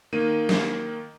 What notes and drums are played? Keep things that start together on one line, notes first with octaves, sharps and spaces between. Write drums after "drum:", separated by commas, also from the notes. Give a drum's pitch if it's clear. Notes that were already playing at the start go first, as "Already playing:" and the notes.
D#3 A#3 D#7
drum: snare